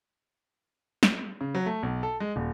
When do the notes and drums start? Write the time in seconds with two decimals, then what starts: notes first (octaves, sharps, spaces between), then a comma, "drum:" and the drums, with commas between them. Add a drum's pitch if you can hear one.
1.03 drum: snare
1.41 C#3
1.55 F#3
1.66 A3
1.83 B1
2.03 A4
2.20 G#3
2.36 D#1